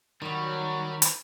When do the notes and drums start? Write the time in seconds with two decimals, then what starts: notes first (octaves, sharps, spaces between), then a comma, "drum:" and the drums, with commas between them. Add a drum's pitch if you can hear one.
0.22 D#3 F#3 G3 B5 C#6
1.02 drum: hi-hat